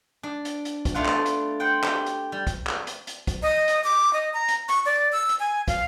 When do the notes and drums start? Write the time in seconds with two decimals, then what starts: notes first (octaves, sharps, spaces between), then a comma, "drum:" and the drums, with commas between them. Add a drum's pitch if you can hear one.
0.23 D4
0.45 drum: hi-hat
0.65 drum: hi-hat
0.85 drum: kick, hi-hat
0.94 A3 B3 D4 F4 F#5
1.06 drum: clap
1.26 drum: hi-hat
1.60 C5 F#5 G5
1.83 G4 B5, drum: clap
2.06 drum: hi-hat
2.32 G3
2.47 drum: kick, hi-hat
2.67 drum: clap
2.87 drum: hi-hat
3.07 drum: hi-hat
3.27 drum: kick, hi-hat
3.43 D#5
3.68 drum: hi-hat
3.84 D6
4.13 D#5
4.34 A#5
4.48 drum: hi-hat
4.69 C#6, drum: hi-hat
4.86 D5
5.12 E6
5.29 drum: hi-hat
5.40 G#5
5.68 F5, drum: kick, hi-hat